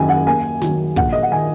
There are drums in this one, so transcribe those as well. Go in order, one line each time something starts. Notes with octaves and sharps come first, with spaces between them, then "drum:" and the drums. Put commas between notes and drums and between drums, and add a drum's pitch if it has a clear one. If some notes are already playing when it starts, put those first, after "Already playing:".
Already playing: F#1 F#2 D#3 G#5
F#5
D#2 G#5
D#3 F#3, drum: snare
A#1 F#5, drum: kick
D#5
F#5
D#3 G#5